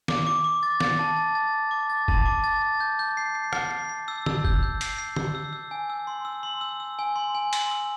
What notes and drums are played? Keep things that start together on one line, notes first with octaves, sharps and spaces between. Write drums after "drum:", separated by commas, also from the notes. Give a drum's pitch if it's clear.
D6, drum: snare
D6
D6
A6
A6, drum: snare
A5
A6
A6
A6
D6
A6
A5, drum: kick
D6
A6
A6
G6
G6
C7
C7
C7, drum: rim click
C7
C7
E6
E6, drum: tom
G6, drum: kick
G6
C7, drum: hi-hat
C7
E6, drum: tom
E6
E6
G#5
E6
C6
E6
C6
E6
E6
G#5
C6
G#5
C6, drum: hi-hat
E6